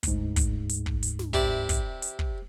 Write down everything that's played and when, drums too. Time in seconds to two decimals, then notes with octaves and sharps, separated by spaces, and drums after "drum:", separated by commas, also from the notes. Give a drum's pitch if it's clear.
0.03 D2 G#2, drum: kick, hi-hat
0.36 drum: kick, hi-hat
0.69 drum: hi-hat
0.86 drum: kick
1.03 drum: hi-hat
1.19 drum: snare
1.33 C3 E4 D5, drum: kick
1.69 drum: kick, hi-hat
2.02 drum: hi-hat
2.19 drum: kick